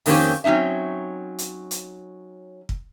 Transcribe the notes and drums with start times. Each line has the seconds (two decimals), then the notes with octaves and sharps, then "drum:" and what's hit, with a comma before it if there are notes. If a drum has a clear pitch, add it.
0.06 F2 D#3 A#3 C4 C#4 G4, drum: open hi-hat
0.44 F#3 C4 C#4 D#4 E5
1.38 drum: hi-hat
1.71 drum: hi-hat
2.69 drum: kick